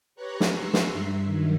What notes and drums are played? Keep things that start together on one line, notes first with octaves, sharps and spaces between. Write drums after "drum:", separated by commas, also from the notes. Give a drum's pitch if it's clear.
G4 B4 C#5 A#5 C#6 F#6
drum: snare
A#5 C6 C#6 E6 F#6 C7
drum: snare
G2 E5
G2 D#3 F#3